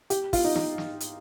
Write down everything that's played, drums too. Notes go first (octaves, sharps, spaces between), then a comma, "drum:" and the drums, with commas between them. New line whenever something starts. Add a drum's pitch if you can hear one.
G4, drum: hi-hat
F4, drum: kick, open hi-hat
D#4
D#4, drum: snare
drum: snare
drum: hi-hat